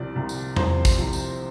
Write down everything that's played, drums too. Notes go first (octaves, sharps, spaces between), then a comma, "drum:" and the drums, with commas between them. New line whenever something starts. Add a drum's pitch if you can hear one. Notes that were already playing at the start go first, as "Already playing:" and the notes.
Already playing: C2 C3 F3 D5
C2 C3 F3
drum: tambourine
C2 C3 F3 C5, drum: tom E2
drum: kick, tambourine
C2 C3 F3
drum: tambourine